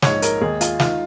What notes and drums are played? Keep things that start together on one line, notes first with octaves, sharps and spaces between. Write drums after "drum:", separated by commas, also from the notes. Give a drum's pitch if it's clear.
A#1 G#2 G#3 C#5, drum: snare
A#4, drum: hi-hat
D#2 D#3 G#3 G#4
F4, drum: hi-hat
D#3 G#3 F4, drum: snare